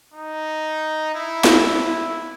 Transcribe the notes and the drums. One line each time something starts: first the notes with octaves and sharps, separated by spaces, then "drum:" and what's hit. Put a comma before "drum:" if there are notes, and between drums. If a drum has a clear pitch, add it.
D#4
E4
drum: snare D#4
E4